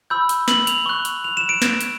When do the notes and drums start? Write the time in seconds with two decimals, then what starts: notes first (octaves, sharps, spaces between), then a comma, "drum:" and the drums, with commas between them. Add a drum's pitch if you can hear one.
0.10 B5 E6 G6
0.29 drum: hi-hat
0.48 F#7, drum: snare
0.67 F7, drum: hi-hat
0.86 C#6 F#6
1.05 drum: hi-hat
1.24 F7
1.37 E7
1.49 D7
1.62 drum: snare
1.81 drum: hi-hat